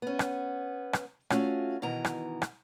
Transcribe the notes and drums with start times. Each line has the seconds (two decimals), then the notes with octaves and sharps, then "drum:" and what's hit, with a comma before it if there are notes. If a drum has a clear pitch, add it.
0.02 B3 C#4
0.19 drum: rim click
0.93 drum: rim click
1.30 A3 C#4 F4 F#4, drum: rim click
1.82 B2 D#3 E3 A#5
2.05 drum: rim click
2.42 drum: rim click